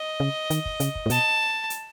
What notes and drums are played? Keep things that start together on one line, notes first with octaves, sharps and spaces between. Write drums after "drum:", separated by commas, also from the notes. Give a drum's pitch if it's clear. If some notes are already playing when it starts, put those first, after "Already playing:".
Already playing: D#5
C#3
D#3, drum: hi-hat
drum: kick
C#3, drum: hi-hat
drum: kick
A2
B2 A5, drum: hi-hat
drum: hi-hat